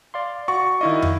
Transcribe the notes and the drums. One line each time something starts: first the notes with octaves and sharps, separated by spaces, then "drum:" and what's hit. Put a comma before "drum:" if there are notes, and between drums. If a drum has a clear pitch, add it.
D5 F5 C6
F#4 D5 C#6
D#3 E4 D#5 F5
drum: tom